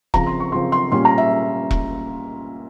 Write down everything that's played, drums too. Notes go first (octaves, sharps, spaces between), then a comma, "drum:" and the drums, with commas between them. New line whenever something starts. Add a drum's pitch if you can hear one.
C#3 F3 C4 A#5, drum: kick E1
C6
C#6
C#3 F3 C4 C6
C6
A#2 G3 C#4 C6
A#5
E5
drum: kick E1